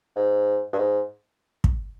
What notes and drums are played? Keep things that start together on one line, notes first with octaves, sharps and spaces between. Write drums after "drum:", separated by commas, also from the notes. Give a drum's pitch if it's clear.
G#2
G2
G#2
drum: kick